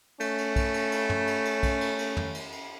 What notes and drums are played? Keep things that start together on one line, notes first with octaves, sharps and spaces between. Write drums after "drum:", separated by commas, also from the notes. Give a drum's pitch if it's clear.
A3 C#4, drum: cymbal
drum: cymbal
drum: kick, cymbal
drum: cymbal
drum: cymbal
drum: tom
drum: cymbal
drum: cymbal
drum: kick, cymbal
drum: cymbal
drum: cymbal
drum: tom
drum: cymbal
drum: cymbal